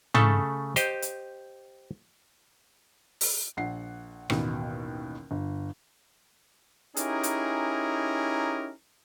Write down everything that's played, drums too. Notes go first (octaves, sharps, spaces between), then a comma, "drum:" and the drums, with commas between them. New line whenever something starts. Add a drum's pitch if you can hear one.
C#3 A3 A4, drum: tom
G4 C5 D#5, drum: hi-hat
drum: hi-hat
drum: open hi-hat
A#1 F#5 C7
A1 D#2 B2, drum: rim click
G1
C#4 D#4 E4 G4 G#4 A#4, drum: hi-hat
drum: hi-hat